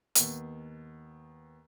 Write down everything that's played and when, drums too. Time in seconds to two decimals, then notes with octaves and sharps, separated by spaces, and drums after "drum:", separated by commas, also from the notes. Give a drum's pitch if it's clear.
0.15 D#2 B3, drum: hi-hat